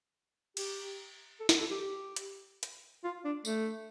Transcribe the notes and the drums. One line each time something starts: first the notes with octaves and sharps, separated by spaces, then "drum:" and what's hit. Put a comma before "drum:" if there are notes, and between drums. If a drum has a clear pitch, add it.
G4, drum: cymbal
A4
A#4, drum: snare
A4
G4
G4
drum: hi-hat
drum: hi-hat
F4
D4
A3, drum: tambourine